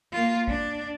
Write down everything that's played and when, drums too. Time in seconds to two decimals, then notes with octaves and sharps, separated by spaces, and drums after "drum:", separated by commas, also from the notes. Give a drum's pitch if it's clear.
0.13 A#3 F4
0.48 D4, drum: kick